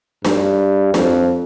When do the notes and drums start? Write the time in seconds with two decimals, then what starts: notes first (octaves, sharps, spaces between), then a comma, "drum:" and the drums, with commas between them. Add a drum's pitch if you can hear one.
0.25 G2, drum: snare D4
0.94 F2, drum: snare D4